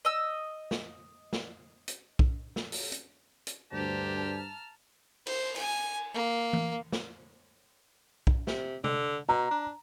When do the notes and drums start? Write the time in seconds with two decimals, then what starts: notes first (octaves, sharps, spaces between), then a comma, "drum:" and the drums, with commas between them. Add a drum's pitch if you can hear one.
0.05 D#5 E6
0.71 drum: snare
1.33 drum: snare
1.88 drum: hi-hat
2.19 drum: kick B1
2.56 drum: snare
2.72 drum: open hi-hat
2.92 drum: hi-hat
3.47 drum: hi-hat
3.73 D2 G2 D4 G4 C5 A5 A#5 F6
5.27 C5, drum: cymbal
5.56 G#5, drum: cymbal
6.14 A#3
6.53 drum: tom E3
6.92 drum: snare
8.27 drum: kick B1
8.47 C3, drum: snare
8.84 D3, drum: tom C3
9.29 B2 A#5
9.51 D4